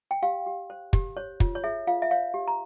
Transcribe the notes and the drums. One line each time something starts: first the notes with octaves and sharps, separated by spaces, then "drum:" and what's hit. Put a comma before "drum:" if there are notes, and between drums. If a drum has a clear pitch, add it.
G5
G4 F5
G4
C5
G4, drum: kick
C5 C#5
F4, drum: kick
C#5
G#4 E5
F4 F5
E5
C#5 F5
G4
A#5